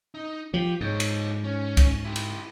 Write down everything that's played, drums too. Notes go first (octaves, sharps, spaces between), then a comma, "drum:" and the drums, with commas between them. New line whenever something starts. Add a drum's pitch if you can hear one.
D#4
F3 G4
G#2 D#4 C#5
drum: cymbal
C#4
drum: kick C2, cymbal
E4 G4
drum: cymbal